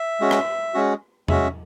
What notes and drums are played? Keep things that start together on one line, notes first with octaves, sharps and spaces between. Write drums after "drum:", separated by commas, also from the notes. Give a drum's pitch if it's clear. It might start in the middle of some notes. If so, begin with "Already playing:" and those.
Already playing: E5
G#3 C#4 F#4
drum: rim click
G#3 C#4 F#4
G#3 C#4 F#4 E5, drum: tom E2